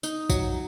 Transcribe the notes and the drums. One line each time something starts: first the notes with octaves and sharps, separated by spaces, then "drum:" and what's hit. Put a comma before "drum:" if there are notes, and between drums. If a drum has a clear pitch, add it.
D#4, drum: tambourine
F#3, drum: kick, tambourine